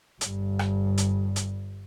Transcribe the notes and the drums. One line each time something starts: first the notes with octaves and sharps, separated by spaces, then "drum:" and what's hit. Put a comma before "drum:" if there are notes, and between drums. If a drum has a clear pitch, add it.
G1 G2, drum: hi-hat
drum: rim click
drum: hi-hat
drum: hi-hat